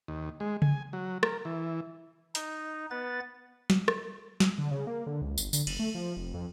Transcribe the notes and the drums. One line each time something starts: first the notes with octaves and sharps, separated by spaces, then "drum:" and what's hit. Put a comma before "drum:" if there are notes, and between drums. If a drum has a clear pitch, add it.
D#2
G#3
G#5, drum: tom C#3
F#3
A#4, drum: rim click
E3
D#4, drum: hi-hat
B3 B4 A6
drum: snare
drum: rim click
drum: snare
D3
C#3
A#3
D3
C#2
G1, drum: tambourine
D3, drum: tambourine
F#1, drum: cymbal
A3
F3
F1
F2